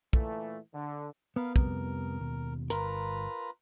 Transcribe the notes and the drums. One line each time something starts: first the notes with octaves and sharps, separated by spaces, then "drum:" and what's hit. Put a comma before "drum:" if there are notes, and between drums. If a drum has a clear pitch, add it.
A#2 E3 A3, drum: kick
D3
B3 A#4 B4 F5
F2 C3 G3 A#4, drum: kick
D#2 B2
G1 F4 A#4 B4 A#5, drum: hi-hat